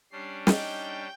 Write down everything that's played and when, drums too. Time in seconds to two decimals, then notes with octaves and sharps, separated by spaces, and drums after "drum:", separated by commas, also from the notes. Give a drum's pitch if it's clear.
0.12 G3 C#4 D4 C7
0.47 D#4 G5 G6, drum: snare